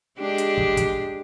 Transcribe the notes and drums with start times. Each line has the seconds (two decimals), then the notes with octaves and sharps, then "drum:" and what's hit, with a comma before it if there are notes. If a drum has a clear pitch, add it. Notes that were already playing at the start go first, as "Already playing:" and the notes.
0.19 G#3 D4 G4
0.38 drum: hi-hat
0.58 drum: kick
0.77 drum: kick, hi-hat